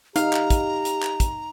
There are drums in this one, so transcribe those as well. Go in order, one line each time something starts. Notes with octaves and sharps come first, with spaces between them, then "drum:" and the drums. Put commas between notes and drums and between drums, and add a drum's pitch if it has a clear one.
D#4 G4 F5 A#5, drum: hi-hat
drum: clap
drum: kick, hi-hat
drum: hi-hat
drum: clap
drum: kick, hi-hat